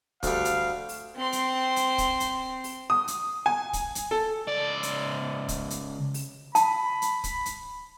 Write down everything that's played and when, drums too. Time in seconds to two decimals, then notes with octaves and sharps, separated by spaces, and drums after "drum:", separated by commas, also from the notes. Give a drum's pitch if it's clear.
0.23 D2 G3 F5, drum: kick, hi-hat
0.45 drum: hi-hat
0.89 drum: open hi-hat
1.16 C4 C6
1.32 drum: hi-hat
1.76 drum: hi-hat
1.98 drum: kick, hi-hat
2.20 drum: hi-hat
2.64 drum: open hi-hat
2.90 D#6
3.08 drum: hi-hat
3.46 G#5
3.73 drum: kick, hi-hat
3.95 drum: hi-hat
4.11 A4
4.47 C#2 D5
4.83 drum: hi-hat
5.48 drum: kick, hi-hat
5.70 drum: hi-hat
6.14 drum: open hi-hat
6.55 A5 B5, drum: hi-hat
7.02 drum: hi-hat
7.24 drum: kick, hi-hat
7.46 drum: hi-hat